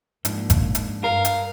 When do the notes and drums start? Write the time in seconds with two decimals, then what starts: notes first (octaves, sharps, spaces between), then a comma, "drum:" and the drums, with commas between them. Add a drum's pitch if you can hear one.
0.25 G#2 F3 A#3 D4, drum: hi-hat
0.50 drum: kick G1, hi-hat
0.75 drum: hi-hat
1.04 G2 A#4 F5
1.25 drum: hi-hat